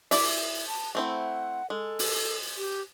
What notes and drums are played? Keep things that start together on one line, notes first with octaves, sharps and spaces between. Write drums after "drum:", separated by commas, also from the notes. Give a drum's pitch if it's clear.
E4 D5 E5, drum: open hi-hat
A5
A3 C4 E4 F#5
G#3 A4
drum: open hi-hat
G4